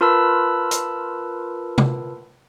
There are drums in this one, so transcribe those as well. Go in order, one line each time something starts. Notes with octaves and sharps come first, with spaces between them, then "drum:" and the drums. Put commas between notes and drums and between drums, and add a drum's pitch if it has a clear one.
F4 A#4 B4 A5 B5 E6
drum: hi-hat
drum: tom C3